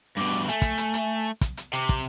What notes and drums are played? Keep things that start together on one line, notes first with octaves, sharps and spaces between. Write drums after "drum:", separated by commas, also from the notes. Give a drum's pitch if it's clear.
G2 B2 D6
A3 G#5, drum: hi-hat
drum: kick, hi-hat
drum: hi-hat
drum: hi-hat
drum: kick, hi-hat
drum: hi-hat
C3 D6, drum: hi-hat
drum: kick